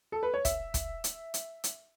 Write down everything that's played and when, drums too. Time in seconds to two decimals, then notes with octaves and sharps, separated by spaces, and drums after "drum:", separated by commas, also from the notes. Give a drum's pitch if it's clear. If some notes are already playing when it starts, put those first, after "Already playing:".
0.12 A4
0.23 B4
0.34 C#5
0.45 E5, drum: kick, hi-hat
0.74 drum: kick, hi-hat
1.04 drum: hi-hat
1.34 drum: hi-hat
1.64 drum: hi-hat